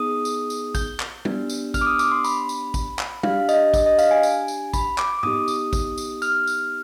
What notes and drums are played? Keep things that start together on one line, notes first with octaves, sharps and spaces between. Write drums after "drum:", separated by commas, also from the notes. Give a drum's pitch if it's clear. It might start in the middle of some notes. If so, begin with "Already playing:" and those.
Already playing: B3 D#4 G#4 D#6
drum: tambourine
drum: tambourine
G6, drum: kick, tambourine
drum: clap
B3 D4 G4, drum: tom
drum: tambourine
F6, drum: kick, tambourine
D6
D#6
D6, drum: tambourine
C6
B5, drum: tambourine
drum: tambourine
drum: kick, tambourine
drum: clap
D4 G4 F5, drum: tom
D#5, drum: tambourine
drum: kick, tambourine
D#5
F5, drum: tambourine
G#5
drum: tambourine
drum: tambourine
B5, drum: kick, tambourine
D6, drum: clap
D6
B3 D#4 G4 D#6, drum: tom G#2
drum: tambourine
drum: kick, tambourine
drum: tambourine
F6, drum: tambourine
drum: tambourine